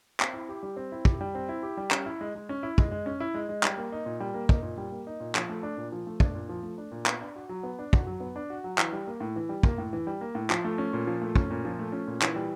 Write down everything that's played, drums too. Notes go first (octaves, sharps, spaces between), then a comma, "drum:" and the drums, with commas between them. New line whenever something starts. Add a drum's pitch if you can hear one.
C4, drum: clap
E4
G4
G3
C4
E4
G4, drum: kick
G3
C4
E4
G4
G3
C#4, drum: clap
E4
G#3
G#3
C#4
E4
G#3, drum: kick
G#3
C#4
E4
G#3
G#3
G3, drum: clap
A#3
D#4
A#2
G3
A#3
D#4, drum: kick
A#2
G3
A#3
D#4
A#2
F3, drum: clap
A3
D4
A#2
F3
A3
D4, drum: kick
A#2
F3
A3
D4
A#2
B3, drum: clap
D4
F#4
F#3
B3
D4
F#4, drum: kick
F#3
B3
D4
F#4
F#3
E3, drum: clap
G3
A#3
A2
E3
G3
A#3, drum: kick
A2
E3
G3
A#3
A2
F3, drum: clap
A3
C#4
A#2
F3
A3
C#4, drum: kick
A#2
F3
A3
C#4
A#2
E3, drum: clap
G3